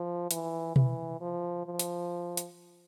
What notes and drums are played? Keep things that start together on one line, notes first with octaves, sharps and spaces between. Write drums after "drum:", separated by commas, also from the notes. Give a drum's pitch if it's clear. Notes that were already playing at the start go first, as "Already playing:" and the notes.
Already playing: F3
E3, drum: hi-hat
E3, drum: tom B2
F3
F3
drum: hi-hat
drum: hi-hat